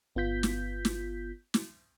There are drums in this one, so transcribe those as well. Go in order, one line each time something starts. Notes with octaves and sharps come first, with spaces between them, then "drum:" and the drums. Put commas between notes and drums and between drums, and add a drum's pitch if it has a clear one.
G1 B3 F4 G6 B6
drum: snare
drum: snare
drum: snare